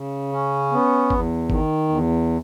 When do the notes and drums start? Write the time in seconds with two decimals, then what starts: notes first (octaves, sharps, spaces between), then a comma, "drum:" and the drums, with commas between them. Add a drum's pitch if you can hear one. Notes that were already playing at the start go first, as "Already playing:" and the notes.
Already playing: C#3
0.32 C#4
0.72 B3
1.10 E2, drum: kick G#1
1.50 D#3, drum: kick G#1
1.89 E2